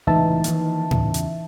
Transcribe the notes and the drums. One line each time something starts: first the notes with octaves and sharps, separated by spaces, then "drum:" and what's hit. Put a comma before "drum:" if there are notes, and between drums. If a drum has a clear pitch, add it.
C#2 A2 C3 E3 D#4 E5 A5
D#3 F3 A#3, drum: hi-hat
E2 C#3, drum: tom A2
drum: hi-hat